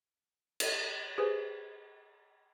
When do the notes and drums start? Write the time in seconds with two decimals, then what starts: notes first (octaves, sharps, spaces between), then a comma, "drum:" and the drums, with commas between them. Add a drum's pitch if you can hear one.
0.60 drum: cymbal
1.18 G4 G#4 B4 C5 G#5